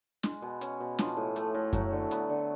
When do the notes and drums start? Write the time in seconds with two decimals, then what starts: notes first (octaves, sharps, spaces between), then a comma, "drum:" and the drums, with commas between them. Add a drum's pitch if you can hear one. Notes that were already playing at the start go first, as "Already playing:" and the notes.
0.23 G#3, drum: snare
0.42 B2
0.61 C#4, drum: hi-hat
0.80 B2
0.99 F3, drum: snare
1.17 A2
1.36 A3, drum: hi-hat
1.54 A2
1.73 F#3, drum: kick F#2, hi-hat
1.92 D3
2.11 B3, drum: hi-hat
2.30 D3